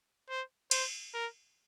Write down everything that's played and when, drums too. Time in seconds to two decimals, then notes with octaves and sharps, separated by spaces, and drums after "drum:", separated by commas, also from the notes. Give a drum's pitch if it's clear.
0.30 C5
0.71 C5, drum: cymbal
1.14 A#4